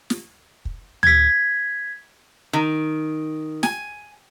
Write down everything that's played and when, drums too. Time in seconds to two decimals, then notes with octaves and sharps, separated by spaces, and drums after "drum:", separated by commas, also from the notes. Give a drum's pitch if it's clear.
0.10 drum: snare
0.65 drum: kick
1.03 G#6 B6, drum: tom D2
2.53 D#3
3.63 G#5, drum: snare